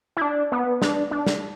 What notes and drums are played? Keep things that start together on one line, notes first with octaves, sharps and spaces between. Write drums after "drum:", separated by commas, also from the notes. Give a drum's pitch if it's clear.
E4
D4
B3
D4, drum: snare
D4
drum: snare